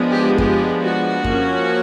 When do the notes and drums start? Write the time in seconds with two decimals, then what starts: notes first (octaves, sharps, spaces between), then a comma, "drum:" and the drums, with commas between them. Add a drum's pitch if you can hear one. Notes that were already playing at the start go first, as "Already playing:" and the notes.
Already playing: F3 G#3 B3 D4
0.09 G4
0.38 G4, drum: kick F#2
0.81 F#4
1.24 F3 A#3 C#4, drum: kick F#2